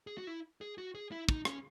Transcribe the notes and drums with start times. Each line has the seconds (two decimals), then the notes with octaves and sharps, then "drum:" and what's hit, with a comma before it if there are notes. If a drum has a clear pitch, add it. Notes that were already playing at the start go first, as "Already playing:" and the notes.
0.07 G#4
0.18 F#4
0.27 E4
0.61 G#4
0.78 F#4
0.95 G#4
1.12 E4
1.29 D#4, drum: kick
1.45 C#4, drum: rim click